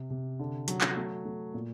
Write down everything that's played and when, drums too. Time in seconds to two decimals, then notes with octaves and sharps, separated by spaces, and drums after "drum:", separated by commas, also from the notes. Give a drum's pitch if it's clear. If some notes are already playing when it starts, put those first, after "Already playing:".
Already playing: C3
0.10 C3
0.40 D3
0.68 F#3, drum: hi-hat
0.81 drum: clap
0.97 A3
1.25 A3
1.54 A#2